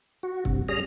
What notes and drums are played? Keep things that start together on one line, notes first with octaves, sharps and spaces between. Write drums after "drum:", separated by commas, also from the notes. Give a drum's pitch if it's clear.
F#4
G2 C3, drum: kick
G3 C#4 G#4 A#5